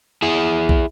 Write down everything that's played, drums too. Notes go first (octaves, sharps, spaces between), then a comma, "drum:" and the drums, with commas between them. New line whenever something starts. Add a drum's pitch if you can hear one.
E4 G#4
drum: kick